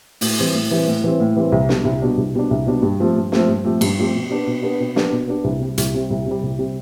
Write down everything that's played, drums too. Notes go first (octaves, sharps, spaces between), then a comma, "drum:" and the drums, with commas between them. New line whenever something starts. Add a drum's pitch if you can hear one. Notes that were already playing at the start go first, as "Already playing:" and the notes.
A2, drum: open hi-hat
E3 G3 C4
A2
E3 G3 C4
A2
E3 G3 C4
A2
E3 G3 C4
C2
B2 G3 D4, drum: snare
C2
B2 G3 D4
C2
B2 G3 D4
C2
B2 G3 D4
G2
F3 A3 C4 G4
G2
F3 A3 C4 G4, drum: snare
G2
F3 A3 C4 G4
G2, drum: cymbal
F3 A3 C4 G4
B2
B3 D4 G4
B2
B3 D4 G4
B2
B3 D4 G4, drum: snare
B2
B3 D4 G4
C2
C3 G3
C2, drum: hi-hat
C3 G3
C2
C3 G3
C2
C3 G3